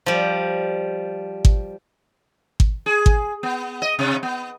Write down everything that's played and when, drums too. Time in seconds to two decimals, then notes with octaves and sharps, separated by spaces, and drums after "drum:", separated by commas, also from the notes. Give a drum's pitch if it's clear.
0.06 F3 G3
1.45 drum: kick G#1
2.60 drum: kick G#1
2.86 G#4
3.06 drum: kick G#1
3.43 B3
3.82 D#5
3.99 C3
4.23 B3